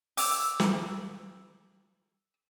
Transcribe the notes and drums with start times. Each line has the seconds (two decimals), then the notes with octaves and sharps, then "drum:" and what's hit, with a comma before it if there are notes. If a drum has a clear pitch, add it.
0.17 D6 E6, drum: open hi-hat
0.60 drum: snare